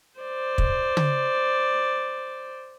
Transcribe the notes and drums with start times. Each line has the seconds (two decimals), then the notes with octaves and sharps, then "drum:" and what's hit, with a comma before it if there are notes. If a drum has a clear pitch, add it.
0.19 C5 D5
0.58 drum: kick
0.97 drum: tom